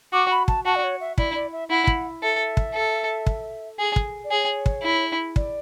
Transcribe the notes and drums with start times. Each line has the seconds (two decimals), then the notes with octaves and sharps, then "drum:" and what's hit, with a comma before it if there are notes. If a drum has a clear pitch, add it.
0.13 F#4 D6
0.31 B5
0.48 A5, drum: kick
0.65 F#4 A5
0.75 D5
0.84 C#5
1.01 E5
1.18 E4 D5, drum: kick
1.35 D5
1.52 E5
1.70 E4 F#5
1.87 drum: kick
2.23 A4 E5
2.57 drum: kick
2.74 A4
3.27 drum: kick
3.79 G#4
3.96 drum: kick
4.24 D5
4.31 G#4 C#5
4.66 drum: kick
4.83 E4
5.36 D5, drum: kick